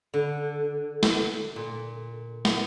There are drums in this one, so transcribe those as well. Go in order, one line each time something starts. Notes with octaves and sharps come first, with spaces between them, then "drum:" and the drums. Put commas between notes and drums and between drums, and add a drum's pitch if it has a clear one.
D3
drum: snare
A#2
drum: snare